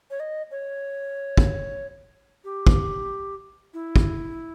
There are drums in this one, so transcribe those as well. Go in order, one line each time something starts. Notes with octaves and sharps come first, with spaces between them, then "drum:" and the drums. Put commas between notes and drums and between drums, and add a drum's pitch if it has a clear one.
C#5
D#5
C#5
drum: kick
G4
drum: kick
E4
drum: kick